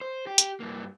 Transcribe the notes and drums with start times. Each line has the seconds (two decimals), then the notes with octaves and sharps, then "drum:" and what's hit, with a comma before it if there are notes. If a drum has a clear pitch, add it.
0.01 C5
0.27 G4
0.38 drum: hi-hat
0.60 G2 A#3